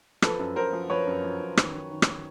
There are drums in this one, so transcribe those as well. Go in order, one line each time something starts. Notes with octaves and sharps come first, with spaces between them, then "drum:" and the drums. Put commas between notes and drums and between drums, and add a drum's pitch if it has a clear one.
F3 A4 B4, drum: rim click
F#2
F#2 A#4 C5
F3
F3 B4 C#5
F#2
F3
F#2
D#3, drum: rim click
D#3
D#3
drum: rim click